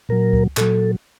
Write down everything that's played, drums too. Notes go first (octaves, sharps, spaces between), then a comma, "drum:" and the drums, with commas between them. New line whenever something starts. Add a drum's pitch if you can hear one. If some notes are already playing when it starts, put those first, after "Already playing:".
A#2 F#3 A#4
drum: kick C#2
A#2 F#3 A4, drum: clap